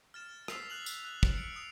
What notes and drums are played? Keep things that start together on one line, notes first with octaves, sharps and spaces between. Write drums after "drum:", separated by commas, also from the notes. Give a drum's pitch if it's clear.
F6 A6 E7
D#6 E6 B6 C7 F7, drum: rim click
F#6 F7 F#7
drum: tambourine
F#6
drum: kick
C#7 D7
D#6 F7